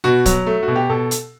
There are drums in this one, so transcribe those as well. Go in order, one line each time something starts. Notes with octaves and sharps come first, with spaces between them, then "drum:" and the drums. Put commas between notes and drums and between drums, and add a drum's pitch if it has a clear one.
B2 F#4
F#3, drum: kick, hi-hat
A3
B2 F#4
G4
B2 A4
drum: hi-hat